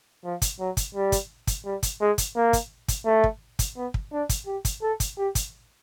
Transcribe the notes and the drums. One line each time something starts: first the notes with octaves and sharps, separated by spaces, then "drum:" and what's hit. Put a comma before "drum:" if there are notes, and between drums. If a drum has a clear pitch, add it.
F3
drum: kick, hi-hat
F#3
drum: kick, hi-hat
G3
drum: kick, hi-hat
drum: kick, hi-hat
G3
drum: kick, hi-hat
G#3
drum: kick, hi-hat
A#3
drum: kick, hi-hat
drum: kick, hi-hat
A3
drum: kick
drum: kick, hi-hat
B3
drum: kick
D4
drum: kick, hi-hat
G4
drum: kick, hi-hat
A4
drum: kick, hi-hat
G4
drum: kick, hi-hat